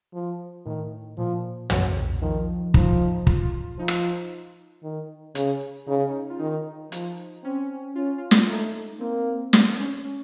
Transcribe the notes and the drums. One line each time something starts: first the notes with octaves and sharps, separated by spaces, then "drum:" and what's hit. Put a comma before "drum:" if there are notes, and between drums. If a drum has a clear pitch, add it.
F3
A2 D#3
A#2 F3
C#3 F#3, drum: tom
D#3 F3
F3 D#4, drum: kick
F4, drum: kick
F3 D#4
drum: rim click
D#3
C#3, drum: hi-hat
C#3 D#4
C#4
D#4
F4
D#3 D#4
F3, drum: hi-hat
C4 C#4
C#4 F4
F4
drum: snare
A3 D#4
A#3 C4
C4, drum: snare
C#4
C#4